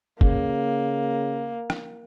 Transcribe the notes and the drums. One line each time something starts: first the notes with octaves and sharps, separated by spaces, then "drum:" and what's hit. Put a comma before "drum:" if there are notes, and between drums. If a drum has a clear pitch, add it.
C#3 A#3, drum: kick
drum: rim click